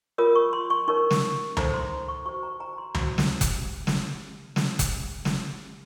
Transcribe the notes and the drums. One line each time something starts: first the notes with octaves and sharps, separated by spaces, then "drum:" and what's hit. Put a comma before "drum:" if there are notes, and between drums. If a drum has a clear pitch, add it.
F4 A#4 C#5 D#6
C#6
C6
C#6
D#4 A#4 C#5 C#6
drum: snare
D#4 A4 C5 A#5, drum: tom C#2
C6
C#6
F#4 C5 C#6
A#5
A#5
C6
F#4 C5, drum: tom C#2
drum: snare
drum: kick F1, hi-hat
drum: snare
drum: snare
drum: kick F1, hi-hat
drum: snare